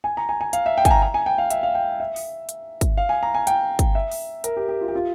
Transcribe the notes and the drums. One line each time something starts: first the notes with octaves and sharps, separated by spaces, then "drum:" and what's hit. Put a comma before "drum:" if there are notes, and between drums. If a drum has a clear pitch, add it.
G#5
A#5
G#5
G#5
F5, drum: hi-hat
E5
G5
G#5, drum: kick, hi-hat
A#5
A#5
G#5
G5
F5
E5, drum: hi-hat
F5
G5
E5
drum: open hi-hat
drum: hi-hat
drum: kick, hi-hat
F5
G#5
A#5
G#5
G5, drum: hi-hat
drum: kick, hi-hat
E5
drum: open hi-hat
A#4, drum: hi-hat
G4
G4
F4
G4
F4